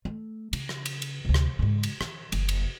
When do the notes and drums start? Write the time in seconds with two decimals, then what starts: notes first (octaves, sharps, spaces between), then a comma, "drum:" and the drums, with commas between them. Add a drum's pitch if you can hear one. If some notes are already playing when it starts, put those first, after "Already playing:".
0.05 A3
0.53 C#3, drum: cymbal
0.69 drum: rim click
0.86 drum: cymbal
1.02 drum: cymbal
1.25 D2 C3
1.34 drum: rim click
1.59 G#2 C#3
1.83 drum: cymbal
2.01 D#3, drum: rim click
2.32 F#1 F2, drum: cymbal
2.49 drum: cymbal